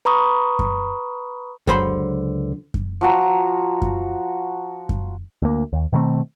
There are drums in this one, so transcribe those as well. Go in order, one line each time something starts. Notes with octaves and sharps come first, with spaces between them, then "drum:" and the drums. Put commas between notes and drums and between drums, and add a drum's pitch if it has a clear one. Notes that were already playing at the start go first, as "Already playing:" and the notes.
B4 A#5 B5 C#6 D#6
drum: kick F#2
C#2 D3 F#3 C5 B5 C6, drum: kick F#2
drum: kick F#2
F3 F#4 A#5
drum: kick F#2
drum: kick F#2
D2 A#3
D#2
B2 D#3 A3 C4